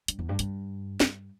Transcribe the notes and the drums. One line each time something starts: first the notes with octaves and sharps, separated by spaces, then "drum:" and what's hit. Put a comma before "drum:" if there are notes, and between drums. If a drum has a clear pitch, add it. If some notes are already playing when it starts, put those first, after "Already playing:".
G2, drum: hi-hat
E2
G2
G2, drum: hi-hat
G2, drum: snare